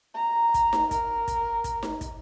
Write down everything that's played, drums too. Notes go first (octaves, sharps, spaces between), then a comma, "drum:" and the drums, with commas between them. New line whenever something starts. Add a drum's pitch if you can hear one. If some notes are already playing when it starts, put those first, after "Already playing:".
A#5
drum: kick, hi-hat
drum: snare D#4
A#4, drum: kick, hi-hat
drum: kick, hi-hat
drum: kick, hi-hat
drum: snare D#4
drum: kick, hi-hat